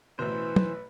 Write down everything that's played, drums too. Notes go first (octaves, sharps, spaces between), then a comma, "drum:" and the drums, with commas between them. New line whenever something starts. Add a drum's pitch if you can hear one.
A1 B2 E3 B4 C5
drum: tom